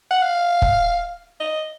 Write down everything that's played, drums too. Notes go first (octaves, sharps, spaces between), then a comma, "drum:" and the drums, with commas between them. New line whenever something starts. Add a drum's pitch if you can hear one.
F#5
F5
drum: kick
D#5